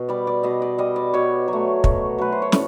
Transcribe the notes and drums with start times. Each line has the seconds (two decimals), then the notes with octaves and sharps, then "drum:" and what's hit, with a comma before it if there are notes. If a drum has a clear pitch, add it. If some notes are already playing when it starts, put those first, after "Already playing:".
Already playing: B2
0.09 G3 D5
0.27 D5
0.43 B2 D#5
0.62 D5
0.78 G3 D#5
0.96 D5
1.14 B2 C#5
1.48 F#3
1.53 A3
1.84 B2, drum: kick
2.18 F#3 A3 B4
2.32 C5
2.42 C#5
2.52 A2 D5, drum: snare